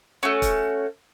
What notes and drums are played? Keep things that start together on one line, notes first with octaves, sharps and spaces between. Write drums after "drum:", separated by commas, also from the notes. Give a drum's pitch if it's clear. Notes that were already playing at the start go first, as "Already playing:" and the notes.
A3 C#4 F#4
drum: kick, hi-hat